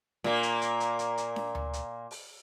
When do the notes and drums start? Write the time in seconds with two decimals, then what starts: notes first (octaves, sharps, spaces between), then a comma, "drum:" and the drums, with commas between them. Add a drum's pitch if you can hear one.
0.24 A#2 A#3, drum: snare D4
0.43 drum: hi-hat
0.62 drum: hi-hat
0.80 drum: hi-hat
0.99 drum: hi-hat
1.18 drum: hi-hat
1.36 drum: snare D4
1.55 drum: tom D2
1.73 drum: hi-hat
2.11 drum: open hi-hat